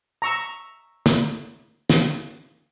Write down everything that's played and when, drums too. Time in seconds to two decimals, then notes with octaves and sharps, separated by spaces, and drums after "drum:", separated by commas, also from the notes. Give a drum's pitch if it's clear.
0.22 A#5 C#6 E6
1.06 drum: snare
1.90 drum: snare